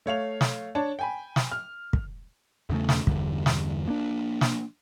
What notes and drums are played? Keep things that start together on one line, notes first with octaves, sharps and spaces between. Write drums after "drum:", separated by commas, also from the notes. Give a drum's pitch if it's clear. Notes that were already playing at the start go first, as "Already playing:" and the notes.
A3 C#5 F5 F7
drum: snare
D4 C#5 A5
G5 G#5 B5
drum: snare
F6
drum: kick
E2 C#3 A3
drum: snare
E2 G2 D3, drum: kick
drum: snare
A#3 D4
drum: snare